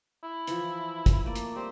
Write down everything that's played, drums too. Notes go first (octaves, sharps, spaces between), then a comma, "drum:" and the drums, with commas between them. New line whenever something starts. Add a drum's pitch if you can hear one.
E4
E3 F3, drum: hi-hat
drum: kick, hi-hat
A3 A#3 D5
drum: hi-hat
G3 C4